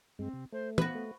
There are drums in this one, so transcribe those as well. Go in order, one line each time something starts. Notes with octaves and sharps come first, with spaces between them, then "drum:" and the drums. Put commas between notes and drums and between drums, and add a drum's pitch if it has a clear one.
G2 G#3 C4
C3
A3 C5
B3 F#4 B4, drum: tom
A3